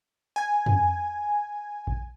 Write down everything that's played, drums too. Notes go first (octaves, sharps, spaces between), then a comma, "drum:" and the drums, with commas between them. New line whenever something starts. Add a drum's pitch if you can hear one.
G#5 G#6
drum: tom F2
drum: kick A#1